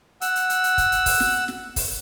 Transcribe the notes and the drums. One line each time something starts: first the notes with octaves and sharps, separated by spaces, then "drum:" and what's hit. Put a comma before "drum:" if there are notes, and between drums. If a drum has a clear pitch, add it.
F#5 E6, drum: hi-hat
drum: hi-hat
drum: hi-hat
drum: hi-hat
drum: kick, hi-hat
drum: hi-hat
drum: kick, open hi-hat
drum: snare
drum: snare
drum: kick, open hi-hat